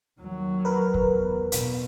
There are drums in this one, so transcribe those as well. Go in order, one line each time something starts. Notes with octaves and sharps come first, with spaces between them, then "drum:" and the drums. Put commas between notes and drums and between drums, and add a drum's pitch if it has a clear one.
D#2 F#3
A#4 B4
drum: kick
E2
B2, drum: hi-hat